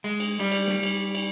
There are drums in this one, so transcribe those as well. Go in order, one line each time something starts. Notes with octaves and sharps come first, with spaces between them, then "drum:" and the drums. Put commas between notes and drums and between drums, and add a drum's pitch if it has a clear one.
G#3
drum: cymbal
G3
drum: cymbal
drum: snare
drum: cymbal
drum: cymbal